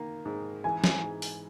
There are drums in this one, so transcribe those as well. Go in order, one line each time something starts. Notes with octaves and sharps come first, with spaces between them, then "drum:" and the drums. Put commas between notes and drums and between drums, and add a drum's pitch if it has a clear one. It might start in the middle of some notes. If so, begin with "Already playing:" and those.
Already playing: D#3 A#3
G#2
E3 G#5
drum: snare
G#2
drum: open hi-hat